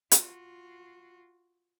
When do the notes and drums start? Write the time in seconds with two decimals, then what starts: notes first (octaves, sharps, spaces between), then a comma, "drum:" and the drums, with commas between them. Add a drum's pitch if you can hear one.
0.11 F4 F#4, drum: hi-hat